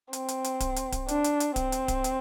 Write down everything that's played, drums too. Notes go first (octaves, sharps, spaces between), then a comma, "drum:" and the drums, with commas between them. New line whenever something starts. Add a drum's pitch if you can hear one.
C4, drum: hi-hat
drum: hi-hat
drum: hi-hat
drum: kick D1, hi-hat
drum: hi-hat
drum: kick D1, hi-hat
D4, drum: hi-hat
drum: hi-hat
drum: hi-hat
C4, drum: kick D1, hi-hat
drum: hi-hat
drum: kick D1, hi-hat
drum: hi-hat